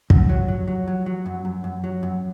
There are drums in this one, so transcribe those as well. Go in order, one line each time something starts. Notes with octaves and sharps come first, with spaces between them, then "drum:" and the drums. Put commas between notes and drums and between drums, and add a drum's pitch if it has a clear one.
F#2, drum: kick
F#3
F#3
F#3
F#3
F#3
F#2
F#2
F#2
F#3
F#2